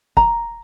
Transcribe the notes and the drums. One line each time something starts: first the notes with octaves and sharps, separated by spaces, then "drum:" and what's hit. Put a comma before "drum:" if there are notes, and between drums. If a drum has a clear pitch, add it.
A#5, drum: kick